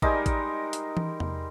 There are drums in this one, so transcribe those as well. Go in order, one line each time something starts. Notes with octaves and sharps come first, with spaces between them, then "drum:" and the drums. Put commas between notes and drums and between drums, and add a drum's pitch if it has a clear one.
G3 G#3 D#4 A#4, drum: kick A1
drum: kick A1, hi-hat
drum: hi-hat
drum: tom E3
drum: tom E2